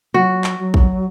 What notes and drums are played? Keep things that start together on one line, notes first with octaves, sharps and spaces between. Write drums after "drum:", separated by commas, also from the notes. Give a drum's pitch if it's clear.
F#3 F#4
drum: clap
F#3
drum: kick